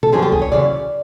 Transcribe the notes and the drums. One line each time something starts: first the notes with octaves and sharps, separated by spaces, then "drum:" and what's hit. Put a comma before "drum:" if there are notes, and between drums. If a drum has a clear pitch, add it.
A4, drum: tom A#2
F#2 D3 F3 G#4
G4
G#4, drum: kick
C#5
F#2 C#3 E3 D5